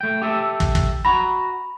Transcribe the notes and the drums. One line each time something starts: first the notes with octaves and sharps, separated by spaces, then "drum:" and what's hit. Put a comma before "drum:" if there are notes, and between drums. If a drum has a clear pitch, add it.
A3 G5
G4 A4 E5
drum: kick
drum: kick
F#4 A#5 B5